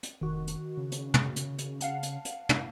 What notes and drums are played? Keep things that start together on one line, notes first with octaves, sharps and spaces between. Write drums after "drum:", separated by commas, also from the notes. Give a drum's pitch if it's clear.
drum: hi-hat
F1 D#3 F#4
drum: hi-hat
C#3
drum: hi-hat
drum: tom
drum: hi-hat
drum: hi-hat
F5 F#5 A5, drum: hi-hat
drum: hi-hat
drum: hi-hat
E4, drum: tom